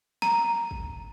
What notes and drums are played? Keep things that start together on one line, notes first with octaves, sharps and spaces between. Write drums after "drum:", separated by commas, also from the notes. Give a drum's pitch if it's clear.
A#5, drum: snare
drum: kick